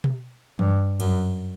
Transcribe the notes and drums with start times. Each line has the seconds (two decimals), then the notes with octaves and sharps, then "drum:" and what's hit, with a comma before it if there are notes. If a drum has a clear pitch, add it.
0.04 drum: tom B2
0.59 G2, drum: tom E3
1.00 F#2, drum: cymbal